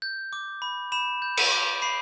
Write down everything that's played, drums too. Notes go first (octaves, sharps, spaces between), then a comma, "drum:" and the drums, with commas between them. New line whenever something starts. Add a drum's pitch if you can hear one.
G6
D6
B5
B5 E7
G6
D7, drum: cymbal
D6
B5 C7